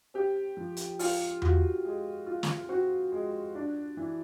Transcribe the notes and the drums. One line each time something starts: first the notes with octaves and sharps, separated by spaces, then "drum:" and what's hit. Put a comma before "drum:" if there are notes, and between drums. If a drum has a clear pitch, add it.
C4 G4
F3
drum: hi-hat
F4, drum: open hi-hat
F4 F#4, drum: tom E2
G#3
F4
drum: snare
C4 F#4
G#3
D4
E3